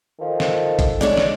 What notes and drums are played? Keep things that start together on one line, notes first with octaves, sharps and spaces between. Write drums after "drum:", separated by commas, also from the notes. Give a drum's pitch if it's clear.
D#3 F3 A4
drum: snare
drum: kick A1, hi-hat
G#3 D4 C#5 D5
drum: snare